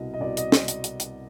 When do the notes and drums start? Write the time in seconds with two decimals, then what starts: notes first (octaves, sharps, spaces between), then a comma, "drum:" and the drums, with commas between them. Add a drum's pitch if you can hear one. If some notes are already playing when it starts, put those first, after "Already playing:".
Already playing: C2 B2 D#5
0.14 D#5
0.20 C2 B2 D5
0.37 D#5, drum: hi-hat
0.52 drum: snare
0.68 drum: hi-hat
0.84 drum: hi-hat
1.00 drum: hi-hat